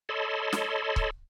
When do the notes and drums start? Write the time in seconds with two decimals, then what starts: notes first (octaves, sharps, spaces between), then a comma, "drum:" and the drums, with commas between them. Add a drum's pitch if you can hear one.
0.09 A4 C#5 D#5 A5 B5 C6
0.53 drum: snare
0.96 drum: kick C#1